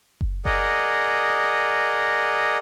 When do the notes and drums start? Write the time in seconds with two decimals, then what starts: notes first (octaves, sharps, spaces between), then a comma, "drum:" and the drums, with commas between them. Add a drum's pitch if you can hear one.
0.21 drum: kick F#1
0.45 G#4 A#4 D5 D#5 F#5, drum: kick F#1